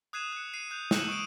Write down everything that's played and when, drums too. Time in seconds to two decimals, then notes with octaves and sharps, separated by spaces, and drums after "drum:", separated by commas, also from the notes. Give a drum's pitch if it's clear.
0.13 D#6 F#6 G#6 C7 D#7 E7
0.32 F#6 C#7
0.54 C7 D#7
0.71 F#6 G6 F7
0.91 E6 F#6 C#7 E7 F#7, drum: snare
1.08 C#6 D#6 D7 D#7